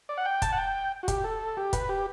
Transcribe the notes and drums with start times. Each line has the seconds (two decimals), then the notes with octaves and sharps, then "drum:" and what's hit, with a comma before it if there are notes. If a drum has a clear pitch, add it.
0.09 D5
0.18 F#5
0.25 G5
0.42 A5, drum: kick, hi-hat
0.52 F#5
0.58 G5
1.03 F#4
1.08 G4, drum: kick, hi-hat
1.24 A4
1.57 G4
1.73 B4, drum: kick, hi-hat
1.89 G4